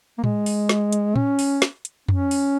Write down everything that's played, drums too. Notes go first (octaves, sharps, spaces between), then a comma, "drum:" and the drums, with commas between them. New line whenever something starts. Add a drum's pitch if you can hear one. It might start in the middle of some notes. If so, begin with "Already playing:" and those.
A#3
G#3, drum: tom A2
drum: open hi-hat
drum: snare
drum: hi-hat
C#4, drum: tom A2
drum: open hi-hat
drum: snare
drum: hi-hat
C#4, drum: tom F2
drum: open hi-hat